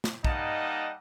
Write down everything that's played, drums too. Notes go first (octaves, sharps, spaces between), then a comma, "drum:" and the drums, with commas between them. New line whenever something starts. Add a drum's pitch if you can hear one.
drum: snare
G3 A#3 D#4 D#5 F#5 A5, drum: kick